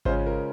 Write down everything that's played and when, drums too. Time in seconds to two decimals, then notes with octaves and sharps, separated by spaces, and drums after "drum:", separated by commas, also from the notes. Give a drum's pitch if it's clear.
0.05 C#3 G#3 C#4 F4 C5, drum: kick G#1
0.26 A#4